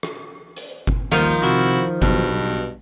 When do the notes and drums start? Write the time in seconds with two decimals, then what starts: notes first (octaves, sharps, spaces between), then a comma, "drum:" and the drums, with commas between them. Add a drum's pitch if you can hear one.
0.03 drum: rim click
0.56 drum: hi-hat
0.87 drum: kick G1
1.12 D#2 D#3 F3
1.30 drum: tambourine
1.42 C3 E4 F#4
2.02 B1 G2 B2, drum: kick G1